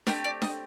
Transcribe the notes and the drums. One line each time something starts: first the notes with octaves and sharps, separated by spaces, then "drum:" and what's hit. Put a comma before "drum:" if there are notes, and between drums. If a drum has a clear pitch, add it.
A3 C4 G4 A#4, drum: snare D4
D5
D#5, drum: snare D4